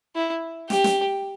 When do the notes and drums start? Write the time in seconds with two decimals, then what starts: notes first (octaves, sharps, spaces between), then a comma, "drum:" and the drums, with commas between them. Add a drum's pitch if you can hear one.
0.15 E4
0.70 G4, drum: snare
0.84 drum: snare